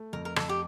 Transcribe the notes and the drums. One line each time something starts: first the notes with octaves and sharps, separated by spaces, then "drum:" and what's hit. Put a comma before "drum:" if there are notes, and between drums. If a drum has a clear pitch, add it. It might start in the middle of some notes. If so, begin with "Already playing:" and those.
Already playing: A3
F2 A#4
A#4
F2 A4, drum: rim click
G4